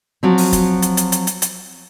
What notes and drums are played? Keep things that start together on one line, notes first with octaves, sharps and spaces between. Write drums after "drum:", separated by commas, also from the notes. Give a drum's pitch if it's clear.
F3 F#3 C4
drum: open hi-hat
drum: kick, hi-hat
drum: hi-hat
drum: hi-hat
drum: hi-hat
drum: hi-hat
drum: hi-hat